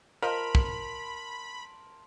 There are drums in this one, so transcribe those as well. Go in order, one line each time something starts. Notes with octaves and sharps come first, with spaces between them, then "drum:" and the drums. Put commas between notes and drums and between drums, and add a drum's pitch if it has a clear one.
F4 A#4 C5 D#5 A5 B5 C6 F7
drum: kick